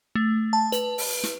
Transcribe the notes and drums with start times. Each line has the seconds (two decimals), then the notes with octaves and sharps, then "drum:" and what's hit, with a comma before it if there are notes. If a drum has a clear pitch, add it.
0.15 A3
0.53 A5
0.72 B4, drum: hi-hat
0.98 drum: open hi-hat
1.24 drum: snare